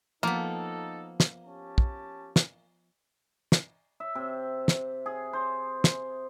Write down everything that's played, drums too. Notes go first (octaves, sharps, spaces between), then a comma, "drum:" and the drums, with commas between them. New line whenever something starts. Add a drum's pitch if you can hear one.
F3 A#3 B3 D#4 A4
drum: snare
C#4 G4 A5
drum: kick
drum: snare
drum: snare
E5
C3
drum: snare
G#4
C5
drum: snare